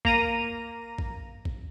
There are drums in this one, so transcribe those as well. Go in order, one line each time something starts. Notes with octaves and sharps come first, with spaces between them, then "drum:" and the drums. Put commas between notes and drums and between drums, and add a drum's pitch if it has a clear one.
A#3 A#5 D#7, drum: kick
drum: kick
drum: kick